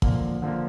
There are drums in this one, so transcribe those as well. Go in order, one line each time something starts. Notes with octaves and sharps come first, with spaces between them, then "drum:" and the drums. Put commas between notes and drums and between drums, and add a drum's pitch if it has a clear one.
D3 F3 A#3, drum: kick
D3 F3 A#3